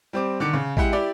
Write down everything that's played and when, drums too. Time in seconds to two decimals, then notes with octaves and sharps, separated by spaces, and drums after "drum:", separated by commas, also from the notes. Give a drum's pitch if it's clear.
0.13 G3 C4 D6
0.40 D3 D#3 D6 C#7
0.53 C#3
0.77 G#3 E4 G4 F#5, drum: kick A1
0.93 E4 G4 D5